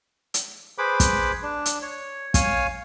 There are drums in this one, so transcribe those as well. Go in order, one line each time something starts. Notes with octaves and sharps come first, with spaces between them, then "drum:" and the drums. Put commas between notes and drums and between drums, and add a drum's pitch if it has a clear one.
drum: hi-hat
G#4 B4 C5 B5 D6
drum: kick, hi-hat
D4
drum: hi-hat
C#5
C#5 F5 G#5, drum: kick, hi-hat